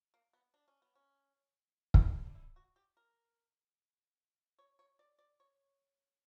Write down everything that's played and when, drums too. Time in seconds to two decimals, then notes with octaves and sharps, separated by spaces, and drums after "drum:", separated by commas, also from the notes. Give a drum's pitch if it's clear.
0.14 A#3
0.33 B3
0.54 D4
0.68 C#4
0.82 B3
0.95 C#4
1.94 drum: kick
2.16 D4
2.26 D4
2.35 E4
2.56 F#4
2.76 G4
2.97 A#4
4.59 C#5
4.79 C#5
4.99 D5
5.19 D5
5.40 C#5